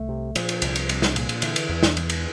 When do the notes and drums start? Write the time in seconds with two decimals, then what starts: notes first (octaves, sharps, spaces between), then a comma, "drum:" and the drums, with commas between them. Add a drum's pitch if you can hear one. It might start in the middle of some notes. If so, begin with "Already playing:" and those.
Already playing: C2 A3
0.09 C3
0.35 A#2 F3, drum: cymbal
0.49 drum: cymbal
0.62 C2, drum: cymbal
0.75 drum: cymbal
0.89 C2, drum: cymbal
1.02 drum: snare
1.16 A#2, drum: cymbal
1.29 drum: cymbal
1.42 D3 E3, drum: cymbal
1.56 drum: cymbal
1.69 E2
1.83 drum: snare
1.97 E2, drum: cymbal
2.09 drum: cymbal